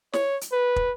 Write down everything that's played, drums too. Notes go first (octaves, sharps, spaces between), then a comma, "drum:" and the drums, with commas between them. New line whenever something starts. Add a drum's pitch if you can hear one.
C#5, drum: snare
drum: hi-hat
B4
drum: kick